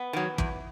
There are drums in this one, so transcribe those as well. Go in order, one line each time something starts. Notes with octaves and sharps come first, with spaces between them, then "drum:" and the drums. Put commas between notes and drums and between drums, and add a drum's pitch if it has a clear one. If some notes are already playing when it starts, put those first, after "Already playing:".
Already playing: B3
D#3 F#3
E2, drum: kick